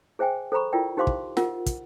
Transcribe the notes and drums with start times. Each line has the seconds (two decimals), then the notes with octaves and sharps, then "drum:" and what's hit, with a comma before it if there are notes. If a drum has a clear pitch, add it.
0.19 G#4 C5 E5 G5 G#5
0.52 A4 C5 A#5 B5 C#6
0.73 E4 F4 A#4 D5 G5
0.97 D#4 G4 C5 F5 C6 D6
1.07 drum: kick
1.37 F4 A#4 F#5, drum: snare
1.66 drum: kick, hi-hat